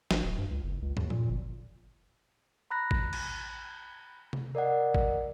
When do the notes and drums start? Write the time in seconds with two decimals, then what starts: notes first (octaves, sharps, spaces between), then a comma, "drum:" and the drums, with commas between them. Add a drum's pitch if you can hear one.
0.11 G#1, drum: snare
0.23 D1
0.38 G2
0.51 C#2
0.64 F#1
0.82 C#2
0.97 D#2, drum: tom
1.10 A#2, drum: tom
1.30 G1
2.71 A#5 B5 F#6 A#6
2.91 drum: kick A1
3.13 drum: cymbal
4.33 drum: tom C3
4.55 A#4 D5 D#5 F#5
4.95 drum: kick A1